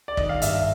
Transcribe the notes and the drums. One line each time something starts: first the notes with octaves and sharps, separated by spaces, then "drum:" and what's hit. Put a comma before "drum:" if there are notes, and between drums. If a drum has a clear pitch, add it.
D5
D#3 D#5, drum: kick
F5
G2 E5, drum: hi-hat
E5